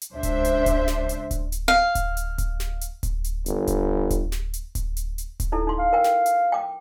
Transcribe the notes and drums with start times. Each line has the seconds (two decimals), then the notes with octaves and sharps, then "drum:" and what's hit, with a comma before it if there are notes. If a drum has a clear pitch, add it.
0.02 drum: hi-hat
0.13 C#2 D4 C5 E5
0.23 drum: kick D1, hi-hat
0.45 drum: hi-hat
0.66 drum: kick D1, hi-hat
0.88 drum: snare
1.09 drum: hi-hat
1.31 drum: kick D1, hi-hat
1.52 drum: hi-hat
1.68 F5
1.95 drum: kick D1, hi-hat
2.17 drum: hi-hat
2.38 drum: kick D1, hi-hat
2.60 drum: snare
2.81 drum: hi-hat
3.03 drum: kick D1, hi-hat
3.24 drum: hi-hat
3.46 G1, drum: hi-hat
3.67 drum: kick D1, hi-hat
4.10 drum: kick D1, hi-hat
4.32 drum: snare
4.53 drum: hi-hat
4.75 drum: kick D1, hi-hat
4.97 drum: hi-hat
5.18 drum: hi-hat
5.40 drum: kick D1, hi-hat
5.52 D#4 E4 A4
5.67 D#4 C6
5.79 F5
5.93 A#4 G5
6.04 drum: snare
6.26 drum: hi-hat
6.52 G5 D6